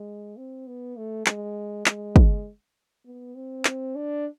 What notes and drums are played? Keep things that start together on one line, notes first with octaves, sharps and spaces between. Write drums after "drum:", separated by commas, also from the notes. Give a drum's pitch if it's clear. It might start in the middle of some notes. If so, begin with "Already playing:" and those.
Already playing: G#3
C4
B3
A3
G#3, drum: clap
G#3, drum: clap
drum: kick
B3
C4
drum: clap
D4